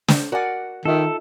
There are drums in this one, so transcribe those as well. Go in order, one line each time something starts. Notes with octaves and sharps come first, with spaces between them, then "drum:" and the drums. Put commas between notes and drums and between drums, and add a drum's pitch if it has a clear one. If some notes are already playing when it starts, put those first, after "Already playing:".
C5, drum: snare
F#4 A#4 D5 F#5 G#5
D#3 D#4 F4 A4 E5